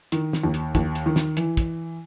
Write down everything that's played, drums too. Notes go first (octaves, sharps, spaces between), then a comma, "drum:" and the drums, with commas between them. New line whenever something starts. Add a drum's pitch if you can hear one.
D#3, drum: hi-hat
drum: snare
D#2
drum: hi-hat
D#2, drum: kick, hi-hat
drum: hi-hat
D#3
drum: snare
E3, drum: hi-hat
drum: kick, hi-hat